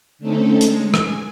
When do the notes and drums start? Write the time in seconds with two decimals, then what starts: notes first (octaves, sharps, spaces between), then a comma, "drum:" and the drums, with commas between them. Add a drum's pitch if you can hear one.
0.19 D3 A3 C4 C#4 D#4 A4
0.61 G#3, drum: hi-hat
0.94 G#5, drum: rim click